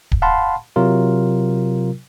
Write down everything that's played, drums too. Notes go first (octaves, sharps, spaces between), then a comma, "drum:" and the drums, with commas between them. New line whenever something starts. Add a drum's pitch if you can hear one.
drum: kick D1
F5 F#5 A5 B5 C6
C3 F#3 F4 A#4